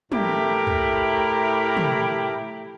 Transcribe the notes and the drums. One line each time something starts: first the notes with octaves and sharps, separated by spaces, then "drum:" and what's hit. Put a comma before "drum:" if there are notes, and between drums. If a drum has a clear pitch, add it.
A2 A3 E4 G4 A#4 B5, drum: tom
drum: tom
drum: tom